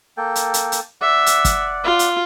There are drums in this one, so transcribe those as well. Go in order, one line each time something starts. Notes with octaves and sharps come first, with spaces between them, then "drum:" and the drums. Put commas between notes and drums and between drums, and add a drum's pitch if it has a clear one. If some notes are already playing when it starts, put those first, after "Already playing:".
A#3 A4 G5
drum: hi-hat
drum: hi-hat
drum: hi-hat
D5 E5 F#5
drum: hi-hat
drum: kick, hi-hat
F4
drum: hi-hat